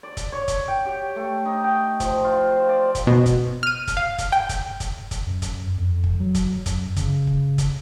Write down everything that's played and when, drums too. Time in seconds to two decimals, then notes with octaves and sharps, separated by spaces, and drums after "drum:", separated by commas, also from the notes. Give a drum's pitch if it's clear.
0.03 D5
0.17 drum: kick, hi-hat
0.32 C#5
0.48 drum: kick, hi-hat
0.68 G5
0.85 G4
1.16 A3
1.45 D#4
1.64 G5
2.00 F3, drum: kick, hi-hat
2.24 F4
2.51 C5
2.69 D5
2.95 drum: kick, hi-hat
3.07 B2
3.26 drum: kick, hi-hat
3.63 F6 D#7
3.87 drum: kick, hi-hat
3.97 F5
4.18 drum: kick, hi-hat
4.32 G5
4.49 drum: kick, hi-hat
4.80 drum: kick, hi-hat
5.11 drum: kick, hi-hat
5.26 F#2
5.42 drum: kick, hi-hat
5.77 F2
6.04 drum: kick
6.20 F#3
6.35 drum: kick, hi-hat
6.66 F#2, drum: kick, hi-hat
6.96 C#3, drum: kick, hi-hat
7.27 drum: kick
7.58 drum: kick, hi-hat